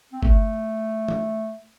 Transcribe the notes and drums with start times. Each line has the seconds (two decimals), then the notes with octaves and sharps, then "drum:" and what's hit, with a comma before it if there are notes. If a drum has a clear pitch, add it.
0.12 C4
0.23 A3, drum: kick
1.08 drum: tom